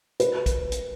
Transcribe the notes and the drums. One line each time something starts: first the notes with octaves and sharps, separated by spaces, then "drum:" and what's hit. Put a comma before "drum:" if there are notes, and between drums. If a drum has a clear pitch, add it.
B4, drum: hi-hat
drum: kick, hi-hat
drum: hi-hat